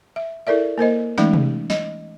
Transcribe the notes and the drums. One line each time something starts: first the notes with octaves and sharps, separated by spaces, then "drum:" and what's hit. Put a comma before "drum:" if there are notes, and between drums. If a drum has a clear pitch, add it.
E5
E4 A4 A#4 D5 E5
A#3 A#4 C5 D#5
E3 G#3 A3 C#4 D#4, drum: snare
drum: tom C3
D#5, drum: snare